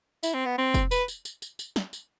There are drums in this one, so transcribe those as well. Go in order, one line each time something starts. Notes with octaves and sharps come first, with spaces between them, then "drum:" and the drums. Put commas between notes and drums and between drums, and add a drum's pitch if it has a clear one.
E4, drum: tambourine
C4
B3
C4
drum: kick, tambourine
B4, drum: tambourine
drum: tambourine
drum: tambourine
drum: tambourine
drum: tambourine
drum: snare
drum: tambourine